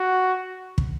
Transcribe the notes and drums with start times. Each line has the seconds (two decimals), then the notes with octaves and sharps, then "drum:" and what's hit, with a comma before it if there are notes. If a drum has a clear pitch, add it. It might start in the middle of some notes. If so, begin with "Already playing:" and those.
Already playing: F#4
0.78 drum: kick